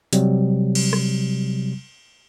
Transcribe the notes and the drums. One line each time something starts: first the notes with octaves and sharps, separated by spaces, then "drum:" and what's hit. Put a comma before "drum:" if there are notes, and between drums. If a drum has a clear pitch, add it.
C3 F#3 G3, drum: hi-hat
drum: cymbal
drum: rim click